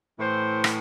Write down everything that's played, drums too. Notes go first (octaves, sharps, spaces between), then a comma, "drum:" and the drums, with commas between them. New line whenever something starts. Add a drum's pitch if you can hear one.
A2 E3 C5
drum: rim click